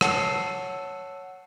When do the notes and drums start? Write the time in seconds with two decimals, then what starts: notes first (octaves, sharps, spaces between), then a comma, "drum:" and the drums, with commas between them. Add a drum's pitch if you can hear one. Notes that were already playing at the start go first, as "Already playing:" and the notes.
0.01 C#5 F#5 A5 E6 C7 C#7, drum: rim click